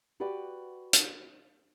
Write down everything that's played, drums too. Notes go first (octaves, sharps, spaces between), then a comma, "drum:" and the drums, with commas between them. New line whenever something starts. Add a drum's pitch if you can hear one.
F#4 G4 B4 D5 F#5
drum: hi-hat